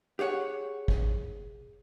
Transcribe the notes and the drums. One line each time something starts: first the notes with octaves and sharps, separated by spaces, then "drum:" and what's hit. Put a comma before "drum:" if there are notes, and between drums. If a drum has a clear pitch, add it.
G4 G#4 C#5 F#5
drum: kick A1